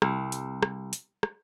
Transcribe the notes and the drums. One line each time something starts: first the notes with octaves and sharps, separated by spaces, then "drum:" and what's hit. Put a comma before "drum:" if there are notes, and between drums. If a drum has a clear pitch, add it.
C2, drum: rim click
drum: hi-hat
drum: rim click
drum: hi-hat
drum: rim click